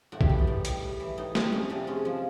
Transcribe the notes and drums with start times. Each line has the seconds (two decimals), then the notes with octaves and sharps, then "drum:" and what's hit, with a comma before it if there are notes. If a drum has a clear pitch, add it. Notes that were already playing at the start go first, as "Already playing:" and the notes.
0.12 A2 F#4
0.21 G4, drum: kick A#1
0.29 E3 A4
0.39 D#4
0.47 A2
0.65 G3, drum: hi-hat
0.82 A2
1.00 E3
1.18 A2 D#4
1.35 G3, drum: snare
1.52 F2 C#4
1.70 C3 D4
1.87 G#3 C#4
2.05 F3